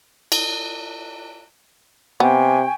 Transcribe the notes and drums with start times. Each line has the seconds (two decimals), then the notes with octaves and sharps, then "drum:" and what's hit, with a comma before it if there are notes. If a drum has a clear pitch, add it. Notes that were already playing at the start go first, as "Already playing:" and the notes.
0.32 drum: cymbal
2.20 C3 B3 G5 G#5 C#6